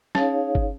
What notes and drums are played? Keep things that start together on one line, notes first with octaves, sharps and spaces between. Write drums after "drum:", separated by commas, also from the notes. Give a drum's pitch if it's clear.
C#4 D#4 G#4 C#5 F5, drum: snare
drum: kick G1